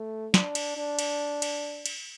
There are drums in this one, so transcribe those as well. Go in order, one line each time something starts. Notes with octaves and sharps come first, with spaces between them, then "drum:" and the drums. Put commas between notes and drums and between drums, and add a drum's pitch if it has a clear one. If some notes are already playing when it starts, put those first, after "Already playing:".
Already playing: A3
D4, drum: snare
drum: cymbal
D4
drum: cymbal
drum: cymbal
drum: cymbal